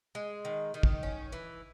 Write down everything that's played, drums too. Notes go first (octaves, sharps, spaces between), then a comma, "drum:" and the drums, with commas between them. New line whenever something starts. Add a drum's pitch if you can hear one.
G#3
D#3
D#3
drum: kick
C#4
E3